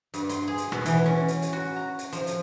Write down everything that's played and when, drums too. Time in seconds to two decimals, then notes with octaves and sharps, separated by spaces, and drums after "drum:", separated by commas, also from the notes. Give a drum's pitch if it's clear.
0.14 G2, drum: hi-hat
0.29 C6, drum: hi-hat
0.48 G#4
0.58 drum: hi-hat
0.72 B2, drum: rim click
0.86 E3, drum: hi-hat
1.06 C#4
1.28 drum: hi-hat
1.42 drum: hi-hat
1.53 F#4
1.76 A#5
1.99 drum: hi-hat
2.13 F3, drum: hi-hat
2.27 drum: hi-hat